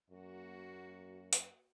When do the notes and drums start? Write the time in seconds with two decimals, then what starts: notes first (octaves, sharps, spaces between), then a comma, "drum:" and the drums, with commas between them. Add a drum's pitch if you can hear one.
0.10 F#2 A#3 F#4
1.33 drum: hi-hat